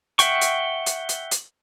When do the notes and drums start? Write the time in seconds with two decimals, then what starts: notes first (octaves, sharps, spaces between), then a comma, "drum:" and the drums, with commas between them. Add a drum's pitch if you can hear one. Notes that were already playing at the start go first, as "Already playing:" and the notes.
0.19 E5 F#5 G5 C#6, drum: hi-hat
0.41 drum: hi-hat
0.86 drum: hi-hat
1.09 drum: hi-hat
1.31 drum: hi-hat